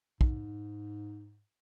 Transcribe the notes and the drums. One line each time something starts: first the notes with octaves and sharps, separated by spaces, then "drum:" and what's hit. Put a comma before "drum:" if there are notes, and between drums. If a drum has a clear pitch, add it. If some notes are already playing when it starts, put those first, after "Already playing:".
G#2, drum: kick